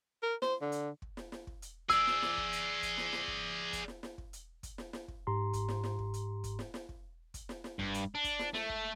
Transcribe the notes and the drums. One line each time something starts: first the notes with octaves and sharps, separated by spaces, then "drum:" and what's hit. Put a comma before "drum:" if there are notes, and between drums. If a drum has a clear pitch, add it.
A#4
C5, drum: snare
D3
drum: hi-hat
drum: kick
drum: snare
drum: snare
drum: kick
drum: hi-hat
G#4 D5 E6, drum: kick, hi-hat
drum: snare
drum: snare
drum: kick
drum: hi-hat
drum: kick, hi-hat
drum: snare
drum: snare
drum: kick
drum: kick, hi-hat
drum: snare
drum: snare
drum: kick
drum: hi-hat
drum: kick, hi-hat
drum: snare
drum: snare
drum: kick
G#2 G4 A#5 C6
drum: kick, hi-hat
drum: snare
drum: snare
drum: kick
drum: hi-hat
drum: kick, hi-hat
drum: snare
drum: snare
drum: kick
drum: kick, hi-hat
drum: snare
drum: snare
G2, drum: kick
drum: hi-hat
D4
drum: kick, hi-hat
drum: snare
A3, drum: snare
drum: kick